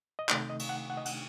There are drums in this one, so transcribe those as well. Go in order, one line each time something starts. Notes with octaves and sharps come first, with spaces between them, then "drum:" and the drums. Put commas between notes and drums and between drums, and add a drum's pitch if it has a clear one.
D#5
C3 D#3 A3 D#4 D5, drum: clap
D#5
drum: cymbal
F#5
F#5
D#5
F#5, drum: cymbal